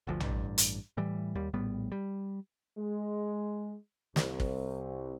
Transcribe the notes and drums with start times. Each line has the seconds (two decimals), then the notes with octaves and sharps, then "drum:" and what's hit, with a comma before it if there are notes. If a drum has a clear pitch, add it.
0.07 G1 D2 F3
0.20 A1 G2, drum: tom A#1
0.58 drum: hi-hat
0.97 A2 E3 G3
1.35 D#2 G3
1.53 A#1 A2 G3 B3
1.92 G3
2.78 G#3
4.16 C2, drum: snare
4.40 drum: kick